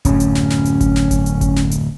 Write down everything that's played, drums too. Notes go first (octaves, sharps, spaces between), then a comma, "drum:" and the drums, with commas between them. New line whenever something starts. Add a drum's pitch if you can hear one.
D1 F#2 C#4, drum: kick G1, hi-hat
drum: hi-hat
drum: snare
drum: snare
drum: hi-hat
drum: kick G1, hi-hat
drum: snare
drum: kick G1, hi-hat
drum: hi-hat
drum: kick G1, hi-hat
drum: snare
drum: hi-hat